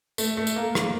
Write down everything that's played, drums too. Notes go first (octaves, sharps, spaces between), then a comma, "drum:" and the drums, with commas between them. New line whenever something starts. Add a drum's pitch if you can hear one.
A3, drum: tambourine
A3
drum: tambourine
A#3
A#3, drum: rim click